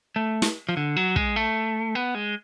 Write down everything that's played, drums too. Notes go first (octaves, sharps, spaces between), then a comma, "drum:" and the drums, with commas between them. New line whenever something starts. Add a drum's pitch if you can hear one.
A3
drum: snare
F3
D3
F#3
G#3, drum: kick
A3
B3
G#3